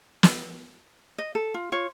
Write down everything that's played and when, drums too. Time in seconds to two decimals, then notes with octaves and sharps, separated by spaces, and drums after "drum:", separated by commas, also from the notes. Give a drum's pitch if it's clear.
0.23 drum: snare
1.18 D#5
1.35 A4
1.54 F4
1.72 F4 C#5